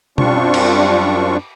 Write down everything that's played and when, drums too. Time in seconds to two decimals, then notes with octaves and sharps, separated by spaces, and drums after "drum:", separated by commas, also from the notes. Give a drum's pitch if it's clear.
0.18 F#2 G3 C4 D4 F4 C#6, drum: tom B2
0.54 drum: cymbal